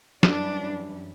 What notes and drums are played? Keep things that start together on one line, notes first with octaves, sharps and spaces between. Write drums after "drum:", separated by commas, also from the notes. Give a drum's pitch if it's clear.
F#2 E3 G3 D4, drum: snare